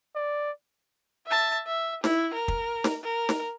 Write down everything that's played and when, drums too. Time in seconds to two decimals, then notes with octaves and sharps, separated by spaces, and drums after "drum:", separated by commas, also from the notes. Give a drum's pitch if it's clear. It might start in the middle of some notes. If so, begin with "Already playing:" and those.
0.15 D5
1.27 E5 A5
1.67 E5
2.04 E4, drum: snare
2.34 A#4
2.48 drum: kick
2.84 drum: snare
3.04 A#4
3.29 drum: snare